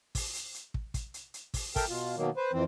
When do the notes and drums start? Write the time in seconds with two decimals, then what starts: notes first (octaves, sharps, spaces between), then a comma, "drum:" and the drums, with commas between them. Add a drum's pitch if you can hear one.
0.15 drum: kick, open hi-hat
0.35 drum: hi-hat
0.54 drum: hi-hat
0.74 drum: kick
0.94 drum: kick, hi-hat
1.14 drum: hi-hat
1.34 drum: hi-hat
1.54 drum: kick, open hi-hat
1.76 A4 A#4 E5 G5, drum: kick, open hi-hat
1.89 B2 F4
2.17 B2 D#3 F#3 A#3
2.37 B4 C5
2.53 F2 E3 C4